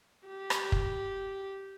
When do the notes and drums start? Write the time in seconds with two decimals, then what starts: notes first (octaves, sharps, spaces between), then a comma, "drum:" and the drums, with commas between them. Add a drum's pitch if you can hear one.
0.27 G4
0.50 drum: rim click
0.72 drum: kick